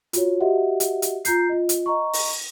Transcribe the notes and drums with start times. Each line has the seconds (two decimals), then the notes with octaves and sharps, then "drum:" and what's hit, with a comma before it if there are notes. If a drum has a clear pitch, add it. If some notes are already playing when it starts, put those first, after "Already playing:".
0.13 F4 F#4 C#5, drum: hi-hat
0.40 F#4 G4 D#5 E5 F#5
0.80 drum: hi-hat
1.02 drum: hi-hat
1.25 F4 A#5 G6 C7, drum: hi-hat
1.49 F4 D#5
1.69 drum: hi-hat
1.86 D#5 A#5 C#6
2.13 drum: open hi-hat